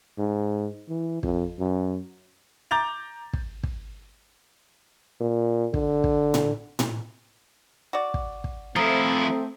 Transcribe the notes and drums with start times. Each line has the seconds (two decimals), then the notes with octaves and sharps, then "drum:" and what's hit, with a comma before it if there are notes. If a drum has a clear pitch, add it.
0.18 G#2
0.89 E3
1.23 F2, drum: kick
1.59 F#2
2.71 A#5 D6 G6 A6 F7
3.33 drum: kick
3.63 drum: kick
5.20 A#2
5.74 D3, drum: kick
6.04 drum: kick
6.34 drum: tom A2
6.79 drum: tom A2
7.93 F#4 D5
8.14 drum: kick
8.44 drum: kick
8.76 F3 A3 C4 E4 A#5 D#6 C7